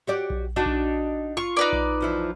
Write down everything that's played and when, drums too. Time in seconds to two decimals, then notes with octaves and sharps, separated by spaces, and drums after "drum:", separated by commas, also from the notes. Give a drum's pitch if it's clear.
0.07 F#4 G4 D5
0.30 drum: kick A#1
0.56 D4 D#4 F#4
0.66 drum: kick A#1
1.37 F4 C#6
1.57 D#4 B4 D5
1.73 drum: kick A#1
2.01 E2 F3 E4